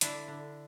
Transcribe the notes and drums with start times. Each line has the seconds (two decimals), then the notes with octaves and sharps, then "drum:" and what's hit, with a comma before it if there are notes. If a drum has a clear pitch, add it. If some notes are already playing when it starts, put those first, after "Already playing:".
0.01 D3 D4 E4, drum: hi-hat
0.28 D3